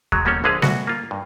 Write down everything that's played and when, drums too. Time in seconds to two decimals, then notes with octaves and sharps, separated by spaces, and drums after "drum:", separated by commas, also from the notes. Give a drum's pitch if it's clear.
0.12 F#3 G#3, drum: kick D#2
0.25 B2 G3 A#3 C#4 A4 C#5
0.44 A#1 D3 G#3 G#4 B4 F5
0.62 D2 B2 F#4, drum: snare G3
0.87 A#3 F4
1.11 G2